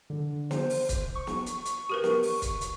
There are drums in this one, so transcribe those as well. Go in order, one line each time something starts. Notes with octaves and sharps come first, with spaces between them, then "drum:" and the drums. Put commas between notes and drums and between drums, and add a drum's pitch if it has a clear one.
D3
C5, drum: snare
drum: open hi-hat
drum: kick C#1, hi-hat
C#6
drum: snare
drum: hi-hat
drum: hi-hat
G4 A#4 B4
drum: snare
drum: open hi-hat
drum: kick C#1, hi-hat
drum: hi-hat